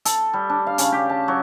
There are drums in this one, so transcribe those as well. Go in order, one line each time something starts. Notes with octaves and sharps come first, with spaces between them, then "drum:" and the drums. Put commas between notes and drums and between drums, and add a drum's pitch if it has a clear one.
A4, drum: hi-hat
G3
D4
F5
C#3, drum: hi-hat
G4
A5
F#3